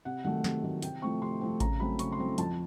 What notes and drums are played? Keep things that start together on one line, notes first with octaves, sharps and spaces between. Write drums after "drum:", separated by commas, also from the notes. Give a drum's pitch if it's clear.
C3 F#5
D#3 F#3 A3 F#5
C3, drum: snare
D#3 F#3 A3
C3 G5, drum: hi-hat
F3 A3 C4 C#6
C3 C6
F3 A3 C4
C#3 A#5, drum: kick A1, hi-hat
F#3 A3 C4 B5
C#3 C#6, drum: hi-hat
C6
F#3 A3 C4
F2 A5, drum: hi-hat